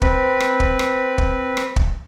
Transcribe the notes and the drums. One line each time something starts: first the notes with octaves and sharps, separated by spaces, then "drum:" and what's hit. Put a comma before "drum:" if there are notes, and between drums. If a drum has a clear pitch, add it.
C4 B4, drum: kick
drum: rim click
drum: kick
drum: rim click
drum: kick
drum: rim click
drum: kick